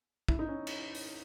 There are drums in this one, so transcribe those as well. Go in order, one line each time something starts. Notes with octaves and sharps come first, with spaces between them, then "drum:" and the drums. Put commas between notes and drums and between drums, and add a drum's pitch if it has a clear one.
E4, drum: kick
D#4
C#4
drum: cymbal
drum: open hi-hat